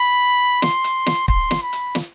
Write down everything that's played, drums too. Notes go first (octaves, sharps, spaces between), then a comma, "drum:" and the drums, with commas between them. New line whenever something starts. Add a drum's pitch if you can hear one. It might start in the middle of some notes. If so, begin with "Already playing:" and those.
Already playing: B5
C6, drum: snare
drum: hi-hat
drum: snare
C6, drum: kick
drum: snare
B5
drum: hi-hat
drum: snare